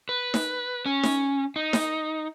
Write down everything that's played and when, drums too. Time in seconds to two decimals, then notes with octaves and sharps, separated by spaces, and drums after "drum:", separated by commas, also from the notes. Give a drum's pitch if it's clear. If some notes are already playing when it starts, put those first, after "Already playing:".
0.09 B4
0.34 drum: snare D#4
0.86 C#4
1.04 drum: snare D#4
1.56 D#4
1.73 drum: snare D#4